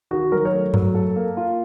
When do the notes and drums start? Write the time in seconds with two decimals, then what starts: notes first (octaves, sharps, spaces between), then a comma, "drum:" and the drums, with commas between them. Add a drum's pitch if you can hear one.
0.11 D#3 F#4
0.32 F#3 A#4
0.45 C#5
0.53 A3
0.74 F#3, drum: tom F#2
0.95 A4
1.16 A#3
1.37 F4